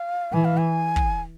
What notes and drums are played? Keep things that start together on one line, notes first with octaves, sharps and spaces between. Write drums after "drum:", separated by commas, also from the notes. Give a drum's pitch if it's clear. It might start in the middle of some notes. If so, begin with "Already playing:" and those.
Already playing: F5
E3 G#5
F5
G#5
drum: kick